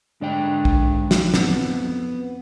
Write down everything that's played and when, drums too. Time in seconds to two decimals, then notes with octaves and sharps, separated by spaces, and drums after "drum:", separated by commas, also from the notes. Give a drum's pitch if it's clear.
0.21 G#2 D3 D5 G5
0.65 drum: kick
1.11 drum: snare
1.34 F2 B3, drum: snare